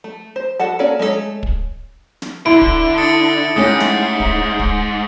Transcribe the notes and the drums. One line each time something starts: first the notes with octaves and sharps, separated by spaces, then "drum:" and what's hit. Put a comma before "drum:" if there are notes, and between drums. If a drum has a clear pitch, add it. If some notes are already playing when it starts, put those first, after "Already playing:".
A3
C5
F#4 A4 F#5 A5
A#3 C#4 A4 D5
G#3 A3 C#4 A4 C#5
drum: kick
drum: snare
D3 E4 D7
drum: kick
D#6 A6 C#7
G#2 A3 C#4 G4 D#6
drum: snare
drum: kick
drum: kick